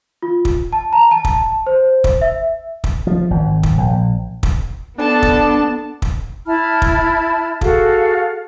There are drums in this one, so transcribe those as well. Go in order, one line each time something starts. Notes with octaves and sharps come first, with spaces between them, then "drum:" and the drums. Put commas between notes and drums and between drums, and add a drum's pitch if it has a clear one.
F4
drum: kick
A5
A#5
A5
drum: kick
C5
drum: kick
E5
drum: kick
F3
G#1
drum: kick
A#1
drum: kick
B3 D4 A4 A5
drum: kick
drum: kick
E4 A5 B5 F6
drum: kick
F#4 G#4 A4 F5, drum: kick